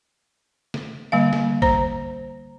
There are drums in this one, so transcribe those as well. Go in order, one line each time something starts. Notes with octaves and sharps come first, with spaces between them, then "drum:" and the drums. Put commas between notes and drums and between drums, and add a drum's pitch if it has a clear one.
drum: snare
D3 G3 A#3 F5
drum: snare
C5 A#5, drum: kick A1